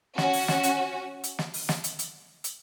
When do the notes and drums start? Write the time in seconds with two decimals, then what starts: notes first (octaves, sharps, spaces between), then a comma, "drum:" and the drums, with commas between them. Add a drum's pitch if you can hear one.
0.18 C#4 F#4, drum: snare
0.33 drum: open hi-hat
0.48 drum: snare
0.63 drum: hi-hat
1.24 drum: hi-hat
1.39 drum: snare
1.54 drum: open hi-hat
1.69 drum: snare
1.84 drum: hi-hat
1.99 drum: hi-hat
2.44 drum: hi-hat